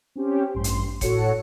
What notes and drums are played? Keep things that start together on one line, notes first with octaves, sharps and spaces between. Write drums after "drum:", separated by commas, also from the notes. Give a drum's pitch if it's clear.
C4 C#4 G4 C5
A1 G2 C6
drum: hi-hat
A2 F#4 A4 C#5 C#7, drum: kick F1, hi-hat